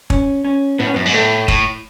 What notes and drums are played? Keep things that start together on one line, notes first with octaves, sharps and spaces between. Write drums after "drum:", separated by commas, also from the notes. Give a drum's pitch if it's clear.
C#4, drum: kick
C#4
A2 B3
C#4
F#2 B3
G#2
A2 A3
A2, drum: kick